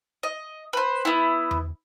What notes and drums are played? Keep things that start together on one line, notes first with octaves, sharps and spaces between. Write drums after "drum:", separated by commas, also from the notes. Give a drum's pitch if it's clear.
D#5
B4 C5
B3 E4
drum: tom E2